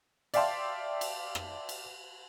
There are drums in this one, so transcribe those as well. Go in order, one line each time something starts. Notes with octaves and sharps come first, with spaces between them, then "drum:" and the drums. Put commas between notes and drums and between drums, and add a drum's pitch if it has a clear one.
D5 E5 F5 G5 A5 C6, drum: cymbal
drum: cymbal
drum: rim click
drum: cymbal